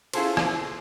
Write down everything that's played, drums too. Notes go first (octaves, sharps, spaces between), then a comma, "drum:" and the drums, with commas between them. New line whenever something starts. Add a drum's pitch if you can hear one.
C#4 E4 F4 G#4 A4 C5, drum: cymbal
drum: rim click